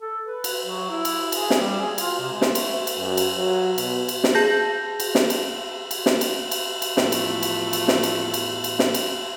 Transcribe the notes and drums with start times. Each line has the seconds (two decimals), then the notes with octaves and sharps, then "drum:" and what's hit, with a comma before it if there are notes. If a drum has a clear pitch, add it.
0.01 A4
0.24 B4
0.44 drum: cymbal
0.64 F#3
0.90 E4
1.05 drum: cymbal
1.32 G#4, drum: cymbal
1.50 drum: snare
1.60 G3
1.79 G#4
1.98 F4, drum: cymbal
2.20 C3
2.32 G#3
2.42 drum: snare
2.55 A3, drum: cymbal
2.87 drum: cymbal
2.99 F#2
3.17 drum: cymbal
3.37 F#3
3.78 B2, drum: cymbal
4.09 drum: cymbal
4.24 drum: snare
4.35 G#4 A5 G6 A#6
5.00 drum: cymbal
5.15 drum: snare
5.30 drum: cymbal
5.91 drum: cymbal
6.06 drum: snare
6.21 drum: cymbal
6.51 drum: cymbal
6.82 drum: cymbal
6.97 E2 A2 F3 A3, drum: snare
7.12 drum: cymbal
7.43 drum: cymbal
7.73 drum: cymbal
7.88 drum: snare
8.03 drum: cymbal
8.34 drum: cymbal
8.64 drum: cymbal
8.79 drum: snare
8.94 drum: cymbal